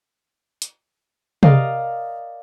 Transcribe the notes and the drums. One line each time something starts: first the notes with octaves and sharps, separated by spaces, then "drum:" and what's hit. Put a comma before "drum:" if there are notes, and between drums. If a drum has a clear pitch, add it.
drum: hi-hat
A#4 D5 D#5 F5, drum: tom C3